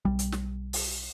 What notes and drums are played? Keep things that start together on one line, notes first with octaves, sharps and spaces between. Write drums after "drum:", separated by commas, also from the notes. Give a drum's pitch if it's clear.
B1 G3
drum: hi-hat
drum: snare
drum: open hi-hat